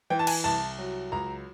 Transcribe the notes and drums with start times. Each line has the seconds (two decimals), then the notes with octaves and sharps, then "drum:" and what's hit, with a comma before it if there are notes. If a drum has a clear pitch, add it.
0.10 E3 G5
0.19 A5
0.27 G#5, drum: cymbal
0.44 C2 A5
0.78 F#3
1.12 C#2 A#5